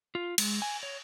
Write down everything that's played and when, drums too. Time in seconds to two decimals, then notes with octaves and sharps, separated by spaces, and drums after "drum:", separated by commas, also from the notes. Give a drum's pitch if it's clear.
0.15 F4
0.38 G#3, drum: cymbal
0.62 G#5
0.83 C#5